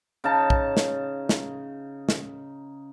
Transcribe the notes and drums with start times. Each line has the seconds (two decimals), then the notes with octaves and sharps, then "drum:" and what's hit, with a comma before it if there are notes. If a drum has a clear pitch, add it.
0.24 C#3 D#4 A5
0.50 drum: kick
0.77 drum: snare
1.29 drum: snare
2.09 drum: snare